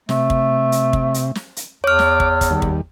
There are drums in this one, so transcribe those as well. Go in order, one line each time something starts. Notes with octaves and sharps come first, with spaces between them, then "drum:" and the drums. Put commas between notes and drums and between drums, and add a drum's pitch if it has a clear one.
C3 A3, drum: snare
drum: kick
drum: hi-hat
drum: kick
drum: hi-hat
drum: snare
drum: hi-hat
E2 C#5 D6 F6
drum: snare
drum: kick
drum: kick, hi-hat
D#2 G3
drum: kick